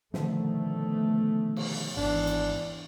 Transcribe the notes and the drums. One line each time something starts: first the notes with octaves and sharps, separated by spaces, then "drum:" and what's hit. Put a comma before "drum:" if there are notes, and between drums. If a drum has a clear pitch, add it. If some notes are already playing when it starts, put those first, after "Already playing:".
B2 D3 D#3 F3 A3, drum: snare
drum: cymbal
G#1 E2 D4
drum: hi-hat